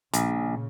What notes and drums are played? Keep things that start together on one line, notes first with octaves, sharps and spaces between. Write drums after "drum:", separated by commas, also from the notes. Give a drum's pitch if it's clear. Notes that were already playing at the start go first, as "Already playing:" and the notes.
A#1 A#2 C#3, drum: hi-hat